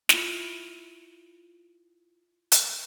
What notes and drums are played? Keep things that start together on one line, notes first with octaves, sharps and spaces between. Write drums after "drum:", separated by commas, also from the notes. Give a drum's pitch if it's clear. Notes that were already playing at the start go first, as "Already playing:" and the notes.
E4 F4, drum: snare
drum: hi-hat